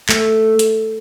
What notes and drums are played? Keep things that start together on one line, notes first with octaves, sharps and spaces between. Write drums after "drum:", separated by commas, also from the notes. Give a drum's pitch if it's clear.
A3, drum: clap
drum: hi-hat